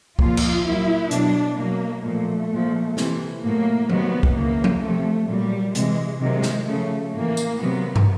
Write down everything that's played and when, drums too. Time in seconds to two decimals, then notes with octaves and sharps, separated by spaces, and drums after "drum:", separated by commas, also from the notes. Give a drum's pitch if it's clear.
0.19 A#2 F3 F4, drum: kick
0.37 drum: cymbal
0.65 A#2 F#3 E4
1.11 B2 F#3 D4, drum: hi-hat
1.58 B2 F#3 A#3
2.04 A#2 F3 A3
2.51 A#2 F3
2.97 C3 E3, drum: snare
3.43 A2 F#3 A#3
3.90 C3 D#3 F#3 B3, drum: tom F3
4.23 drum: kick
4.36 C#3 E3 A#3
4.64 drum: tom F3
4.82 C3 F3 A3
5.29 A#2 F#3 G3
5.75 C3 E3 G#3, drum: hi-hat
6.21 C3 D#3 F#3 G#3
6.42 drum: snare
6.68 C#3 F3 A3
7.14 A2 E3 A#3
7.37 drum: tambourine
7.60 C3 D#3 F#3 B3
7.96 drum: tom